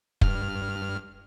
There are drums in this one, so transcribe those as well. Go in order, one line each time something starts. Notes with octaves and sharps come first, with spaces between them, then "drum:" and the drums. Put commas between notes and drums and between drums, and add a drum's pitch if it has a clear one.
G2 F6, drum: kick